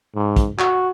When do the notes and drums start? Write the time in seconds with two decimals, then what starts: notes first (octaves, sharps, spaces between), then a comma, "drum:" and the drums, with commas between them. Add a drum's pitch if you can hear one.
0.15 G#2
0.36 drum: kick, hi-hat
0.59 F#4, drum: clap